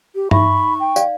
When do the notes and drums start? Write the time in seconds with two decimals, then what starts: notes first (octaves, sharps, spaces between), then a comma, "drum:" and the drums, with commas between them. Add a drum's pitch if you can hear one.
0.15 G4
0.31 D#4 E5 B5 C#6, drum: tom G2
0.80 G5
0.96 D5 F5, drum: tambourine